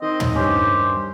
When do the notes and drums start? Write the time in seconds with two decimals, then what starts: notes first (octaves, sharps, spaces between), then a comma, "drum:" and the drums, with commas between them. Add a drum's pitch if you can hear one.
0.02 D#3 C4 D#5
0.20 drum: tom
0.36 G2 C#4 G4 C5